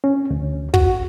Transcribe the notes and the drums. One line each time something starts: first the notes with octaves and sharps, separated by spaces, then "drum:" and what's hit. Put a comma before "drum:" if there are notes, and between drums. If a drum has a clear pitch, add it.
C#4
D2
F#4, drum: kick